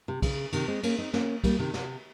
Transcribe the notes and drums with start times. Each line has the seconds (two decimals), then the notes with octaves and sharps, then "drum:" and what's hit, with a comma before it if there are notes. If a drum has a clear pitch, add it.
0.08 C3
0.22 C#3, drum: kick, cymbal
0.52 C3 D#3, drum: cymbal
0.68 G#3 C4
0.83 A#3 C#4, drum: cymbal
0.98 C4 D#4
1.13 A#3 C#4, drum: snare
1.44 G3 A#3, drum: kick, cymbal
1.59 C3 D#3
1.74 C3, drum: snare